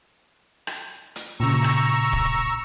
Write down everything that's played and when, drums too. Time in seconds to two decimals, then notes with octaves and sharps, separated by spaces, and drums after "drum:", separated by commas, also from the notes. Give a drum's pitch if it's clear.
0.67 drum: rim click
1.16 drum: hi-hat
1.40 A#2 C#3 A#5 C#6 E6
1.64 drum: rim click
2.13 drum: kick D1